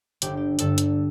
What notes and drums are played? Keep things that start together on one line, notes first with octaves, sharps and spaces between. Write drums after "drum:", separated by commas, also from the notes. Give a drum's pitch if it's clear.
G1 G2 D3 G4, drum: hi-hat
G4
G1 G2 D3 A4, drum: hi-hat
drum: hi-hat